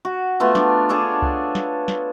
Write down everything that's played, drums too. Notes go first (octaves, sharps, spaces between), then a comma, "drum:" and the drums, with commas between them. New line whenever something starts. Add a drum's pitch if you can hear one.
F#4
A3 B3 F4
D4, drum: snare
D4 G#4 A4 C#5
drum: kick C2
drum: snare
drum: snare